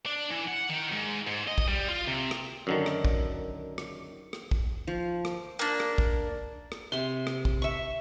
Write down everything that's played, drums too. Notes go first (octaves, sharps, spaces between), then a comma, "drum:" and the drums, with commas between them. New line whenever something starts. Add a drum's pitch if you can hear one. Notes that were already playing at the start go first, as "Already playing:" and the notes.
D4
E3
F#5
D#3
G#2
G#2
D#5
drum: kick
G3
F4
C3
drum: rim click
F#2 D3 D#3
drum: rim click
drum: kick
drum: rim click
drum: rim click
drum: kick
F3
drum: rim click
A#3 D4
drum: rim click
drum: kick
drum: rim click
C3 C6
drum: rim click
drum: kick
E5 C#6